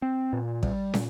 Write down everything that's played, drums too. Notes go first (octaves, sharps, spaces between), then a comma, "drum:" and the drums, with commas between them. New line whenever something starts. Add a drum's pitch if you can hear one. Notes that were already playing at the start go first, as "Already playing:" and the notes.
C4
A#2
G3, drum: kick
A#2, drum: snare